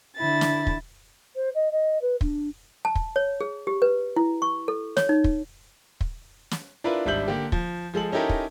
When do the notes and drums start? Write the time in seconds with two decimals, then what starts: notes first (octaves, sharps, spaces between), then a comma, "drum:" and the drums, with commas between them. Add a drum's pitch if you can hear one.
0.16 D3 E4 A6
0.41 drum: snare
0.67 drum: kick
1.36 C5
1.54 D#5
1.72 D#5
2.01 B4
2.21 D4, drum: kick
2.85 A5
2.95 drum: kick
3.16 C#5
3.41 G#4
3.67 G4
3.82 B4
4.16 E4
4.42 C#6
4.68 A4
4.97 C#5, drum: snare
5.09 D#4
5.24 drum: kick
6.01 drum: kick
6.51 drum: snare
6.84 D4 E4 F4 A#4 B4
7.06 G#1 G3 D4 E5 G6 F#7
7.28 D3 A#3 G4
7.52 F3, drum: kick
7.94 F3 G#3 A4 F#7
8.12 C#4 D#4 E4 G4 A4 A#4
8.29 drum: kick